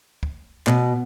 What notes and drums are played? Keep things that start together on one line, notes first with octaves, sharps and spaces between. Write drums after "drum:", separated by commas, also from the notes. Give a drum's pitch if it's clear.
drum: kick
B2, drum: clap